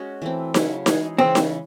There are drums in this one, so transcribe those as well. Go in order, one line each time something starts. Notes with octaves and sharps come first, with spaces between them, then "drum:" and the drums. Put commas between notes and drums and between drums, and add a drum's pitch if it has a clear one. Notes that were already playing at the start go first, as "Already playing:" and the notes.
Already playing: G#3 C#4 F#4
E3 A3 C4
C#3 F#3 C#4 E4, drum: snare D#4
E3 G#3 D#4 G#4, drum: snare D#4
C#3 E3 G#3 C4
drum: snare D#4